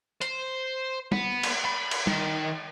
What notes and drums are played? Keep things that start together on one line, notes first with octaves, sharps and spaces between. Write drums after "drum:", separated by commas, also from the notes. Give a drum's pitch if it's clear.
C5, drum: hi-hat
B3, drum: tom
drum: cymbal
B5
drum: cymbal
D#3, drum: tom